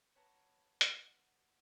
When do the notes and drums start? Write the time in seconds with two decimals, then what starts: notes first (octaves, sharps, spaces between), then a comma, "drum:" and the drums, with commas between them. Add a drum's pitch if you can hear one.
0.15 B4 C#5 F#5 A5 A#5
0.81 drum: hi-hat